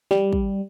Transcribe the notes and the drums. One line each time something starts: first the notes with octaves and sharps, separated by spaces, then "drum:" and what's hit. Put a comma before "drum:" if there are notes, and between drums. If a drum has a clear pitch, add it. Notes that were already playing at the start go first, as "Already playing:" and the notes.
G3, drum: snare
drum: kick